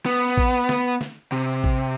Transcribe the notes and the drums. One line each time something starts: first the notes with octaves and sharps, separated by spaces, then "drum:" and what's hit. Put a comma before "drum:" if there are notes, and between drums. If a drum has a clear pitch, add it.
B3
drum: kick A1
drum: snare
drum: snare
C3
drum: kick A1